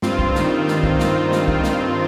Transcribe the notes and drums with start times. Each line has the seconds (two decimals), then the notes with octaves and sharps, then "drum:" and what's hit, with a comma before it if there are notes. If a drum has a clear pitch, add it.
0.02 G2 C4 F4, drum: snare
0.19 drum: kick
0.35 D#3, drum: snare
0.68 G2, drum: snare
0.83 drum: kick
1.00 D#3, drum: snare
1.32 G2, drum: snare
1.48 drum: kick
1.64 D#3, drum: snare